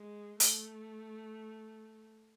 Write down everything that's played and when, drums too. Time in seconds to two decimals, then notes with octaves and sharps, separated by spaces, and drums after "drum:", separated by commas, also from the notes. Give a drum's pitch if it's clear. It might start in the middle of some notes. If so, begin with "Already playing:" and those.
Already playing: G#3
0.40 A3, drum: hi-hat